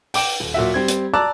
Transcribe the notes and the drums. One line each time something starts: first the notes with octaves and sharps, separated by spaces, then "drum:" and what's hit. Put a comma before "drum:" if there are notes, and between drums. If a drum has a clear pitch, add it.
G5 D6 D7 E7, drum: open hi-hat
D#1
A#2 F#3 F#4 E5
G3 C4 G#6
drum: hi-hat
D5 A5 A#5 D6 E6 F#6